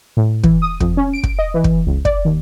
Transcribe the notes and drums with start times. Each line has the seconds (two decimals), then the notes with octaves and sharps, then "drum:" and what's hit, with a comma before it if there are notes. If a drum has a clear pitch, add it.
0.17 A2
0.43 E3, drum: kick
0.62 D#6
0.80 F2, drum: kick
0.97 C#4
1.13 D7
1.23 drum: kick
1.39 D#5
1.54 E3
1.64 drum: kick
1.87 C#2
2.05 D5, drum: kick
2.25 D#2